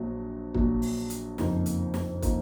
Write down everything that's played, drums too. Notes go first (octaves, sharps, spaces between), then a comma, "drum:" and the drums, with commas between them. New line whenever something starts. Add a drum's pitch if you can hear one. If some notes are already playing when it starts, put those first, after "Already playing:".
Already playing: A#1 A#2 F#3
A#1 A#2 F#3, drum: kick
drum: open hi-hat
drum: hi-hat
F#1 F2 F3 A#3 D#4, drum: snare
drum: hi-hat
drum: snare
F3 A#3 D#4, drum: kick, hi-hat